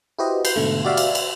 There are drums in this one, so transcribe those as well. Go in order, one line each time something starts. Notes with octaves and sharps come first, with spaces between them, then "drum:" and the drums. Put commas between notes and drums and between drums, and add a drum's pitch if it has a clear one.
E4 F#4 G4 B4 C5 D#5
B4 G6 C7, drum: cymbal
G#2 B2 D3 A3
F#4 G4 D5 E5 F5
drum: cymbal
drum: cymbal